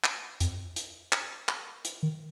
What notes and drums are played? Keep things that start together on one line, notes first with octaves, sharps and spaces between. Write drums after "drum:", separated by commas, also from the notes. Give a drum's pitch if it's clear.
drum: clap
F2, drum: hi-hat
drum: hi-hat
drum: clap
drum: clap
drum: hi-hat
D#3